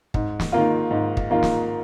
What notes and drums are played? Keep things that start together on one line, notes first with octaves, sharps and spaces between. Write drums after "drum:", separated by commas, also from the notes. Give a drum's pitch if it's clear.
G#2, drum: kick
drum: snare
D#3 A#3 F4
G#2
drum: kick
D#3 A#3 F4
drum: snare